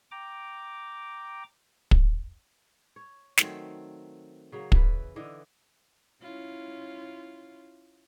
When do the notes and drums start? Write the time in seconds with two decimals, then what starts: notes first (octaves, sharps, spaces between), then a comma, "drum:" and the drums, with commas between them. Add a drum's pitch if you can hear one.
0.11 G5 A#5 D6
1.91 drum: kick
2.96 C#5
3.37 D#3 F#3 A3 C4, drum: snare
4.52 C#3 F#3 A#3
4.72 E3 B4, drum: kick
5.16 D3 E3 D#5
6.22 C#4 E4 F4